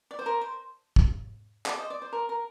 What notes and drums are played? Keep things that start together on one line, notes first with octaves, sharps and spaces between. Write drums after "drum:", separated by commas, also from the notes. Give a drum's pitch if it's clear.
D5
C5
A#4
C5
drum: kick
D5, drum: clap
C5 D#5
D5
C5
A#4
A#4